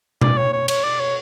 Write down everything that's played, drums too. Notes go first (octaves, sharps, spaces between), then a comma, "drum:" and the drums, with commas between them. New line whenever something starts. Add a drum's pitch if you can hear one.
D5, drum: tom B2
C#5
C#5
C#5, drum: cymbal
D5
C#5